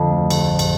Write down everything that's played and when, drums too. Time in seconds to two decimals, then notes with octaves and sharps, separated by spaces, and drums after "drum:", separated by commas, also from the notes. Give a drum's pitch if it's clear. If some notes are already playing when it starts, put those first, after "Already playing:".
Already playing: F2 D3
0.11 A3
0.30 D3, drum: cymbal
0.50 A1
0.59 drum: cymbal